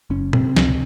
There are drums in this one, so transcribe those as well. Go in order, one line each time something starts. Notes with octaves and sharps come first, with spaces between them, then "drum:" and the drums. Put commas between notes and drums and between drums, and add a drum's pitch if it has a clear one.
F#1 C#4
C3 C4, drum: tom
C#2, drum: snare